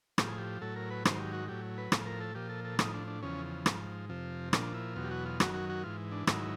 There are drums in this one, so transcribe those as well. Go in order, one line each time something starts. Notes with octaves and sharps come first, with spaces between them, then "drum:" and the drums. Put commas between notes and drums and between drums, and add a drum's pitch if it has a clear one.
A2 F3 G4, drum: rim click
G#4
G4
A2 F#3 A4
A#4
B4
G#2 D#3 F#3 C5, drum: rim click
G4
F#4
A2 F#3 G4
B4
A2 F3, drum: rim click
A#4
A4
A#2 F3 G4
A4
A4
A2 F3 D#4, drum: rim click
D4
D4
E2 C#3 F3 C#4
G#2 F3, drum: rim click
F2 C3 F3
A#2 F3 D4, drum: rim click
E4
E2 B2 F#3 F4
G4
F#4
F4
F#2 D#3 F#3 F#4, drum: rim click
F#4
F#4
G#2 E3 F4
D4
G#2 D#3 F#3 E4, drum: rim click